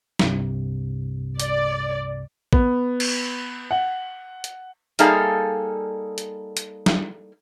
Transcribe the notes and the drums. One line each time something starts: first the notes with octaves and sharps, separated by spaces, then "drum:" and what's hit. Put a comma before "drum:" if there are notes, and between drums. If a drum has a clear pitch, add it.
C2 G2 C3, drum: snare
D5, drum: hi-hat
B3, drum: kick
drum: cymbal
F#5
drum: hi-hat
G3 A#3 D#4 G#4 A4 F5, drum: hi-hat
drum: hi-hat
drum: hi-hat
drum: snare